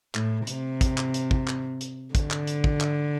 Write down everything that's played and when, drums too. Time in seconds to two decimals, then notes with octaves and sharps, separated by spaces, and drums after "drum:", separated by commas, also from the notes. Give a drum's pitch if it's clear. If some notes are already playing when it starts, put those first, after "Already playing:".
0.15 A2, drum: clap
0.47 C3, drum: hi-hat
0.81 drum: kick, hi-hat
0.98 drum: clap
1.14 drum: hi-hat
1.31 drum: kick
1.48 drum: clap
1.81 drum: hi-hat
2.15 D3, drum: kick, hi-hat
2.31 drum: clap
2.47 drum: hi-hat
2.64 drum: kick
2.81 drum: clap